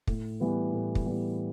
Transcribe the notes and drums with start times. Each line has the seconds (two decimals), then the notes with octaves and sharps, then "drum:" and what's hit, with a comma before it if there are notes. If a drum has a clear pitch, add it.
0.07 A2, drum: kick
0.40 E3 G3 B3
0.73 A2
0.95 drum: kick
1.06 E3 G3 B3